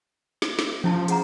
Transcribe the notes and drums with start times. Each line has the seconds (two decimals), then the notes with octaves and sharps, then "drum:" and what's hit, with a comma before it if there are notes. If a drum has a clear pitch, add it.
0.42 drum: snare
0.59 drum: snare
0.84 F3 C#4 E4 A5
1.08 G#4 F#5 A#5, drum: hi-hat